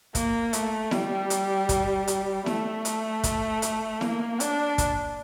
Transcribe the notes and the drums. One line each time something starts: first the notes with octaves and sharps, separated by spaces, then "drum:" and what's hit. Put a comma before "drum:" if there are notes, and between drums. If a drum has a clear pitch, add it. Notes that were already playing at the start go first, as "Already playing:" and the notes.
A#3, drum: kick, hi-hat
A3, drum: hi-hat
G3, drum: snare E4
drum: hi-hat
drum: kick, hi-hat
drum: hi-hat
A3, drum: snare E4
drum: hi-hat
drum: kick, hi-hat
drum: hi-hat
A#3, drum: snare E4
D4, drum: hi-hat
drum: kick, hi-hat